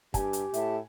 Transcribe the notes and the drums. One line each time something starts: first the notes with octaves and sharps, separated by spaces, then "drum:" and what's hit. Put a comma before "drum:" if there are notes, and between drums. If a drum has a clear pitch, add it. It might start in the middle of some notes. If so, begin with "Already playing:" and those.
G2 G4 G#5, drum: kick, hi-hat
drum: hi-hat
A2 E5 A5, drum: hi-hat